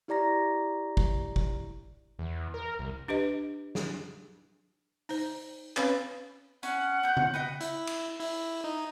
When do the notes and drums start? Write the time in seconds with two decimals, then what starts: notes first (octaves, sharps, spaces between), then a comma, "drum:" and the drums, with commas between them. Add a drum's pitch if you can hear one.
0.08 E4 G4 D5 A#5 A#6
0.97 drum: kick
1.36 drum: kick
2.19 E2
2.54 A#4
2.79 C2
3.08 D4 G4 B4 D#5
3.75 drum: snare
5.09 D#4 C5, drum: open hi-hat
5.77 C4 C#4 B4 C#5 F5 B5, drum: clap
6.63 C#4 F#5, drum: hi-hat
7.03 B3 G6
7.17 drum: tom C#3
7.34 B4 D#5 G5
7.60 E4, drum: hi-hat
7.87 drum: cymbal
8.20 E4, drum: open hi-hat
8.64 D#4